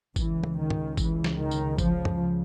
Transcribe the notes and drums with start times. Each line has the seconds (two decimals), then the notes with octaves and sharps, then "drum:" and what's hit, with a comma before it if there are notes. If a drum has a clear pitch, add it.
0.16 C#2 C#3 E3, drum: kick, tambourine
0.43 drum: tom
0.58 D#3
0.70 drum: tom
0.97 E3, drum: kick, tambourine
1.24 drum: snare
1.37 D#3
1.51 drum: tambourine
1.78 F3, drum: kick, tambourine
2.05 drum: tom